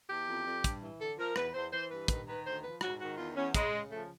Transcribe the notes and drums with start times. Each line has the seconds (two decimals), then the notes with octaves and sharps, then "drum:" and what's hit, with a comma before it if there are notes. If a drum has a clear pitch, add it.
0.09 E2 G4
0.28 F2
0.46 F2
0.64 G2, drum: kick, hi-hat
0.81 E3
1.00 D3 A4
1.18 F3 A#4
1.36 E2 B4, drum: rim click
1.54 E2 C5
1.72 E3 C5
1.91 G2 B4
2.08 D#3 B4, drum: kick, hi-hat
2.27 D#3 B4
2.45 D2 C5
2.64 F3 B4
2.81 G#2 F#4, drum: rim click
3.00 D#3 F#4
3.17 E2 F4
3.36 E2 C#4
3.55 C#3 G#3, drum: kick, hi-hat
3.72 C#3
3.90 F3 A3